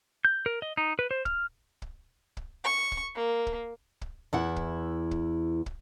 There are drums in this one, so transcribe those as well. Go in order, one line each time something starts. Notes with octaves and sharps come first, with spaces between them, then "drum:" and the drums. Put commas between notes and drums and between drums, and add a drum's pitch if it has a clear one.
G6
A#4
D#5
D#4
B4
C5
F6, drum: kick
drum: kick
drum: kick
C#6
drum: kick
A#3
drum: kick
drum: kick
E2 E4 F#5
drum: kick
drum: kick
drum: kick